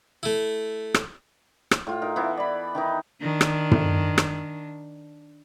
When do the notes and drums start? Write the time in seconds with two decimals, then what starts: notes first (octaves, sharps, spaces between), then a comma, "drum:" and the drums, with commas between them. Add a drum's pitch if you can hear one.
0.23 A3 E4
0.94 drum: rim click
1.71 drum: rim click
1.87 A2 F4
2.02 D#4 A#4
2.16 E3 B3 E4
2.37 D5 B5
2.75 D#3 E3 D#4
3.21 D#3 D4
3.41 drum: rim click
3.71 drum: tom
4.18 drum: rim click